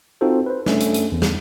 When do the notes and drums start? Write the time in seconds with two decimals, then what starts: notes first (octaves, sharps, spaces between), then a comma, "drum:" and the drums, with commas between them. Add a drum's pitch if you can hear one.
0.21 C4 D#4 F4 F#4 A4 C5
0.46 B4 C5
0.66 A3 C#4 D4 A4, drum: snare
0.80 drum: hi-hat
0.94 drum: hi-hat
1.12 E2
1.22 drum: snare